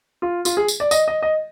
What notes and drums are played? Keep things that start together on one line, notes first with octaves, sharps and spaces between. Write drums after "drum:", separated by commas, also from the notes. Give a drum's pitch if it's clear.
F4
F4, drum: tambourine
G#4
drum: tambourine
D5
D#5, drum: tambourine
D#5
D#5